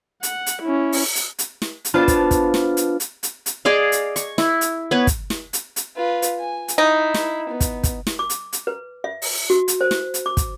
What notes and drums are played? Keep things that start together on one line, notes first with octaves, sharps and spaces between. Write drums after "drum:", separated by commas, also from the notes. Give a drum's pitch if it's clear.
F#5, drum: hi-hat
drum: hi-hat
C#4 E4
drum: open hi-hat
drum: hi-hat
drum: hi-hat
drum: snare
drum: hi-hat
B3 D4 F4 C5 F5 A5
drum: kick, hi-hat
drum: kick, hi-hat
drum: snare
drum: hi-hat
drum: hi-hat
drum: hi-hat
drum: hi-hat
G#4 D5 D#5 F5
drum: hi-hat
C#6, drum: hi-hat
E4, drum: snare
drum: hi-hat
B3 B4 C#5
drum: kick, hi-hat
drum: snare
drum: hi-hat
drum: hi-hat
F4 B4
drum: hi-hat
G#5
drum: hi-hat
D#4 E4
drum: snare
B3
drum: kick, hi-hat
drum: kick, hi-hat
drum: snare
D6
drum: hi-hat
drum: hi-hat
B4
E5
drum: open hi-hat
F#4
drum: hi-hat
C5
drum: snare
drum: hi-hat
D6
drum: kick, hi-hat